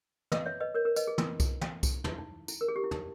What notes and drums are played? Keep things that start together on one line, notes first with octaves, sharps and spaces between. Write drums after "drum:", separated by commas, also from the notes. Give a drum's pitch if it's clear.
B4 D#5, drum: tom
C#5 E5
B4 D#5
A#4 C#5
A#4
B4 D#5, drum: tambourine
G#4
E4, drum: tom
drum: kick C2, tambourine
drum: tom
drum: kick C2, tambourine
D#4, drum: tom
E4
D#4
E4, drum: tambourine
A#4
G#4
G4
E4
D#4, drum: tom